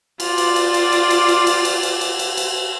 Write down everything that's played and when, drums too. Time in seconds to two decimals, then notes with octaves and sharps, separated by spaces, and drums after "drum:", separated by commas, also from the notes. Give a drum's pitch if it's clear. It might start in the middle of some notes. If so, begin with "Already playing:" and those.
0.20 F4 D5, drum: cymbal
0.38 drum: cymbal
0.56 drum: cymbal
0.74 drum: cymbal
0.92 drum: cymbal
1.10 drum: cymbal
1.29 drum: cymbal
1.47 drum: cymbal
1.65 drum: cymbal
1.83 drum: cymbal
2.01 drum: cymbal
2.19 drum: cymbal
2.37 drum: cymbal